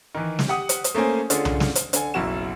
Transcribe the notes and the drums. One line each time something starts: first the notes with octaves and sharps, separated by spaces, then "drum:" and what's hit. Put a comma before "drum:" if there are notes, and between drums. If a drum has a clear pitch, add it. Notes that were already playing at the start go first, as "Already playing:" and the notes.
D#3 E3
drum: snare
G4 F#5 D#6
drum: hi-hat
drum: hi-hat
A3 A#3 C#4 C5 G#5
D3 C#4 F4 G#4, drum: hi-hat
drum: tom C2
drum: snare
drum: hi-hat
D3 G#5, drum: hi-hat
F#1 B1 E4 F#4 E7